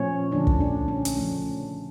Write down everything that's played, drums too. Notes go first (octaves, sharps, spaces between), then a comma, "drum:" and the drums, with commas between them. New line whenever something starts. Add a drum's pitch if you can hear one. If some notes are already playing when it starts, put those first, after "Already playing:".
Already playing: A#2 F3 A3 C#4 C#5
D3 F3 A3 C#4 D4
drum: kick
D4
C#4
drum: hi-hat
C#3 F3 A3 C#4